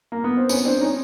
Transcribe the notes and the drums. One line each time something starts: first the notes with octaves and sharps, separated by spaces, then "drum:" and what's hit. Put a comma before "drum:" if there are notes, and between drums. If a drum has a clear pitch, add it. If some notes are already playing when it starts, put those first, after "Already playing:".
A#3
B3
C4
B3 C#4, drum: tambourine
C4 D4
C#4 D#4